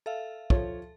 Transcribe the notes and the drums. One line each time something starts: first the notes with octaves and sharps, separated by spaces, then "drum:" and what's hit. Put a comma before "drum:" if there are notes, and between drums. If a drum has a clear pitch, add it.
A4 E5 F5
F3 A4 C#5, drum: kick